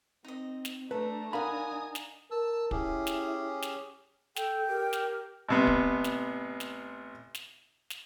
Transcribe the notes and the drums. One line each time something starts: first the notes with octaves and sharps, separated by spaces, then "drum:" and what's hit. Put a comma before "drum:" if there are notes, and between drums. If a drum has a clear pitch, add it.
C4 D#4 D#5
drum: snare
A3 D4 A4 B4 A#5
D#4 A#4 F5 F#5 G#5 B5 D#6
drum: snare
A#4 A5 E6
C#4 E4 G4 G#4, drum: kick
drum: snare
drum: snare
A4 G5, drum: snare
G4 A#4
drum: snare
A1 C3 B3
drum: kick
drum: snare
drum: snare
drum: snare
drum: snare